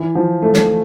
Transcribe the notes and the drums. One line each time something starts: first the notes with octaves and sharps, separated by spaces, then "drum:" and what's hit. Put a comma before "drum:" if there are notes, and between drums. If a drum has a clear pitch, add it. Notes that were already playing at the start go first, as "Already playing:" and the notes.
Already playing: E3
F3
A3
drum: snare